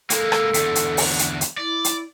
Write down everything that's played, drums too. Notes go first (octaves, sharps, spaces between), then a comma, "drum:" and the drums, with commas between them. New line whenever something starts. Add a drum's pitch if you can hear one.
G#3 A#3 A4, drum: hi-hat
drum: rim click
E2 D3, drum: hi-hat
drum: hi-hat
drum: open hi-hat
drum: hi-hat
drum: hi-hat
E4 D5
drum: hi-hat